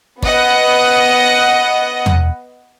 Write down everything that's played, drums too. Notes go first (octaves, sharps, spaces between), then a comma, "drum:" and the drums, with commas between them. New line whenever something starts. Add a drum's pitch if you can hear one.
B3 D#5 F#5, drum: kick
drum: tom